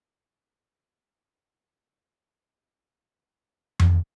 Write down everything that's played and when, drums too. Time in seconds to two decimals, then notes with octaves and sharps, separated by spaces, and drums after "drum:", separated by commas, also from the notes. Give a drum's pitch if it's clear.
0.17 A4 D5 A5 C6
1.64 G4 D5 F5 C6
3.10 G4 A#4 F5 C6
3.80 drum: tom F2